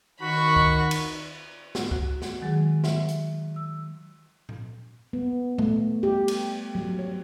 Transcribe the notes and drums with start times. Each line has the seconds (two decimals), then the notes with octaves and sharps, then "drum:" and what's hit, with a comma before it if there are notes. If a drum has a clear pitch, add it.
0.22 D#3 F#4 B5 C#6
0.56 drum: kick
0.91 drum: cymbal
1.75 drum: snare
1.91 F#4, drum: kick
2.22 drum: snare
2.42 D#3 F#3 G#3 G#4
2.84 E5, drum: snare
3.09 drum: hi-hat
3.56 E6
4.49 drum: tom A#2
5.13 B3
5.58 A3, drum: tom A#2
6.03 G4
6.28 drum: cymbal
6.75 F#3
6.99 C#5